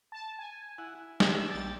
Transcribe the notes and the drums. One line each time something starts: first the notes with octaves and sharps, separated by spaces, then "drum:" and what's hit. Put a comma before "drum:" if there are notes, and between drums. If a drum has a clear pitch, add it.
A5
G#5
E4 F#5
E4
G3 D#5 E6 G#6, drum: snare
A#1 D5 G5 A6